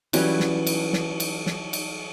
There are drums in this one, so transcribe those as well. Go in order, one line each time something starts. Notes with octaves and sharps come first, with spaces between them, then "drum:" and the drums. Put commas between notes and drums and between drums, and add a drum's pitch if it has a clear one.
E3 F#3 G3 C#4, drum: cymbal
drum: snare
drum: cymbal
drum: snare
drum: cymbal
drum: snare
drum: cymbal